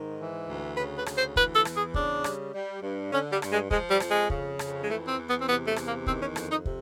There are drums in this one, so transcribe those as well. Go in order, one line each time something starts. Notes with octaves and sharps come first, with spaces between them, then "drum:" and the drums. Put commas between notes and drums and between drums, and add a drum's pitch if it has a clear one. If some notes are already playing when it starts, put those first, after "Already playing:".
Already playing: G#2 D#3
E3
D2
C#3 B4
B4
D2, drum: rim click
C5
E3 B4, drum: kick
A4
E2, drum: rim click
G#4
C#3 D4, drum: kick
G3, drum: rim click
G3
G2
D3 C#4
G3
G2, drum: rim click
G#3
F3 G#3, drum: kick
G3
F2, drum: rim click
G#3
C#3, drum: kick
F2, drum: rim click
G#3
E3 A3
C4
E2
B3
C4
C3 B3
A3
E2, drum: rim click
A#3
D#3 C4, drum: kick
C#4
F2, drum: rim click
D#4
C3, drum: kick